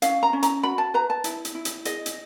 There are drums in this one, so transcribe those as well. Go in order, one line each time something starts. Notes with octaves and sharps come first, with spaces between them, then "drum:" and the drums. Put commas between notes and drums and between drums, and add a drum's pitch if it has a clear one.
C#4 F5, drum: hi-hat
A#5
C#4
A#5, drum: hi-hat
F#4 B5
A5
B4 A#5
A5
E4, drum: hi-hat
drum: hi-hat
E4
drum: hi-hat
G#4 D#5, drum: hi-hat
drum: hi-hat